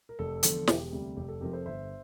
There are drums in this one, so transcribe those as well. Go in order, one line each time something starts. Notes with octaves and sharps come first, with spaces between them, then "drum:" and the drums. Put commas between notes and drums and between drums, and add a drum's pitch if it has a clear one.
A#4
F1 A4
E2 D3 F3, drum: hi-hat
E1 G4, drum: snare
G4
D2 C3 G3
F1 G4
A4
F2 C3 F3 G4 A#4
A4 C5
G1 C5 E5